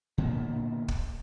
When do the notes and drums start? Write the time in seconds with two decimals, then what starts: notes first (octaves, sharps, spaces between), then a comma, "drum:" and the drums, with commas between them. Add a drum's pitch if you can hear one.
0.18 A#2 D3 A#3 B3
0.88 drum: kick